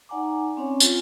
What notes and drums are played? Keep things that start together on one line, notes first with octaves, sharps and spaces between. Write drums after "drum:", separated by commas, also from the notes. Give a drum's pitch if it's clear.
D#4 D5 F#5 G#5 A#5 D6
C4 C#4 C#5 G#5
F4, drum: tambourine